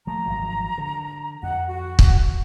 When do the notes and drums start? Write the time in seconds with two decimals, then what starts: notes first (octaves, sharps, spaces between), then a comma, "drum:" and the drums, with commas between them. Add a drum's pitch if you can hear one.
0.07 F3 A3 A#5
0.26 G#1 F3 F#3
0.78 D3
1.43 F2 F#5
1.67 F#4
1.99 drum: kick